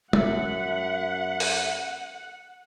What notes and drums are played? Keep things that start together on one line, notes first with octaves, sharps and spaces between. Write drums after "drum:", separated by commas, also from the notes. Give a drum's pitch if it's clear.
F#2 E5 F#5, drum: tom
drum: open hi-hat